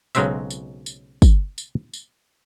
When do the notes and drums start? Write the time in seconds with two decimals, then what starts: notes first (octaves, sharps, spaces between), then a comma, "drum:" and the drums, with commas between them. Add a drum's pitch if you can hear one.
0.15 B1 C#3 F#3 G#3 C4 E5, drum: tambourine
0.50 drum: tambourine
0.86 drum: tambourine
1.22 drum: kick, tambourine
1.58 drum: tambourine
1.93 drum: tambourine